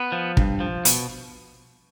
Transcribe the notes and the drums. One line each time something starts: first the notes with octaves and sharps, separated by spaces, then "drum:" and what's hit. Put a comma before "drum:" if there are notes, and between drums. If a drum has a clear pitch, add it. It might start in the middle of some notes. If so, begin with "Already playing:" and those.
Already playing: B3
F3
G2, drum: kick
F3
B2, drum: hi-hat